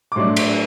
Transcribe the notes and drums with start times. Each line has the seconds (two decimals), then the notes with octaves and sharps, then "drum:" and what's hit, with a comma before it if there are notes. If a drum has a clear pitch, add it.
0.12 D6
0.16 A2 F#3 A3 D4 C6
0.36 drum: cymbal